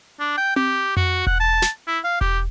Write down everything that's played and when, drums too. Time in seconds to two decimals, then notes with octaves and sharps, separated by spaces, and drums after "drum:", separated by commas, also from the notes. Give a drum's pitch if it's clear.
0.20 D4
0.38 G5
0.56 G4, drum: tom C4
0.97 F#4, drum: tom F2
1.27 F#5, drum: kick E1
1.40 A5
1.62 drum: snare
1.88 E4
2.04 F5
2.21 G4, drum: kick E1